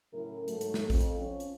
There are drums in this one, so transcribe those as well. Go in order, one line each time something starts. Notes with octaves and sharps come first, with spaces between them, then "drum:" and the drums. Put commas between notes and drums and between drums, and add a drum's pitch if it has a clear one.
A2 C#3 F#3 E4 A#4
G#2 F#3 A3, drum: hi-hat
drum: hi-hat
drum: snare
F2, drum: kick A1, open hi-hat
drum: hi-hat
F3 C#4
drum: hi-hat